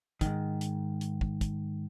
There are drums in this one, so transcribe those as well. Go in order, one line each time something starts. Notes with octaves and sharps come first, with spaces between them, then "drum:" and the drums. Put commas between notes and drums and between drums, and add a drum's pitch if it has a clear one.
G#2 D#3, drum: kick, hi-hat
drum: hi-hat
drum: hi-hat
drum: kick
drum: kick, hi-hat